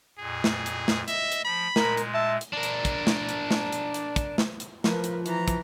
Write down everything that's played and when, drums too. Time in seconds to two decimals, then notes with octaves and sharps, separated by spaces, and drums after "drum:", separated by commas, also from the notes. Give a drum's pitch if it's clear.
0.19 F2 A#2 G#4
0.44 drum: snare
0.66 drum: hi-hat
0.88 drum: snare
1.08 D#5 E5, drum: hi-hat
1.32 drum: hi-hat
1.45 F3 B5
1.76 A#2 G#3 A#4, drum: snare
1.97 drum: hi-hat
2.14 E5 A5
2.41 drum: hi-hat
2.53 D4 A#4
2.63 drum: hi-hat
2.85 drum: kick, hi-hat
3.07 drum: snare
3.29 drum: hi-hat
3.51 drum: snare
3.72 drum: hi-hat
3.94 drum: hi-hat
4.16 drum: kick, hi-hat
4.38 drum: snare
4.60 drum: hi-hat
4.84 F3 A#4 B4, drum: snare
5.04 drum: hi-hat
5.26 E3 A#5, drum: hi-hat
5.48 drum: kick, hi-hat